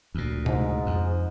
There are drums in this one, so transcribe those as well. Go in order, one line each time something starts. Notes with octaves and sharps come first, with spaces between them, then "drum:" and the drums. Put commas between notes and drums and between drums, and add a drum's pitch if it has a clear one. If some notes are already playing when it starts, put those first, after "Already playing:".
D2 A#2
G#2, drum: tom
F2